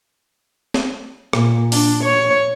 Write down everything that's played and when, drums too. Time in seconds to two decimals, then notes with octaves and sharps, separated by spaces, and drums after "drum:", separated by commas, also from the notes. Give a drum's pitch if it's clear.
0.74 drum: snare
1.33 A#2, drum: rim click
1.72 D4, drum: open hi-hat
2.04 C#5